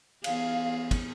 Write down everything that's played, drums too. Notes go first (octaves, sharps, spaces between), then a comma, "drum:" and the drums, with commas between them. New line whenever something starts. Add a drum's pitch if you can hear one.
E2 G#4 F5, drum: cymbal
drum: kick, cymbal